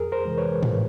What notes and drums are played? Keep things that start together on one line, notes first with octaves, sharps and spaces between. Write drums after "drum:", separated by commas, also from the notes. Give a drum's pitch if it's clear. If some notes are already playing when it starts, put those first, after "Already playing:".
Already playing: F2 G#4 A#4
A#4 C5
C3 E3 G#3
B4 C#5
F2, drum: tom G#2